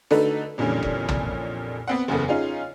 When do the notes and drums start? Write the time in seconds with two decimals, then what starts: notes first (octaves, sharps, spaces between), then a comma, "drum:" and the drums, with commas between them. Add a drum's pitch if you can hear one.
0.11 D3 A3 D#4 F#4 A4 B4, drum: snare
0.58 F2 A#2 D3 E3 G3 C#4
0.83 drum: kick F1
1.08 drum: tom
1.88 B3 C4 F#5
2.08 F#1 E2 C#3 B3 A4
2.28 C#4 D#4 F4 G#4